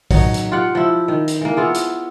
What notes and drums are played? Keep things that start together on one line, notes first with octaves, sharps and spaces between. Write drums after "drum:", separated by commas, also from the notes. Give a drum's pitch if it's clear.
F#3 D#4, drum: kick A#1, open hi-hat
drum: hi-hat
F4 G4 F#5
F3 E4
D#3
drum: hi-hat
E3 A#3
B3 E4 F4 G#4
drum: hi-hat